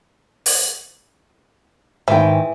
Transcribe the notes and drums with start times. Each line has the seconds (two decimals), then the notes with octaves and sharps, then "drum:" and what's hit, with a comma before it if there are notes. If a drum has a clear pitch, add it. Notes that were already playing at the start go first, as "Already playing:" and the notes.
0.46 drum: open hi-hat
2.08 G#2 D#3 E3 G5